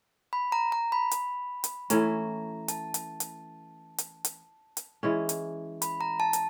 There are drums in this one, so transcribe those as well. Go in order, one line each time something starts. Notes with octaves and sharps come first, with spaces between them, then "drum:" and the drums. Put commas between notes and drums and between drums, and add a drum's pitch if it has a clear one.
B5
A#5
A#5
B5
drum: hi-hat
drum: hi-hat
E3 A3 C#4 A#5, drum: hi-hat
A5, drum: hi-hat
drum: hi-hat
drum: hi-hat
drum: hi-hat
drum: hi-hat
drum: hi-hat
E3 G#3 C#4
drum: hi-hat
B5, drum: hi-hat
A#5
A5
drum: hi-hat